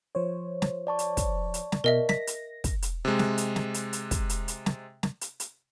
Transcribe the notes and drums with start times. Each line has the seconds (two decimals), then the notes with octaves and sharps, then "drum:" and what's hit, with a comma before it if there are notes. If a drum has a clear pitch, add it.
0.15 F3 C5 C#5
0.62 drum: snare
0.87 D5 A5 C#6
0.99 drum: hi-hat
1.17 drum: kick, hi-hat
1.54 drum: hi-hat
1.72 drum: snare
1.84 B2 A#4 D#5 E5
2.09 A#6 B6, drum: snare
2.27 drum: hi-hat
2.64 drum: kick, hi-hat
2.82 drum: hi-hat
3.05 C3 G#3
3.19 drum: snare
3.38 drum: hi-hat
3.56 drum: snare
3.74 drum: hi-hat
3.93 drum: hi-hat
4.11 drum: kick, hi-hat
4.29 drum: hi-hat
4.48 drum: hi-hat
4.66 drum: snare
5.03 drum: snare
5.21 drum: hi-hat
5.40 drum: hi-hat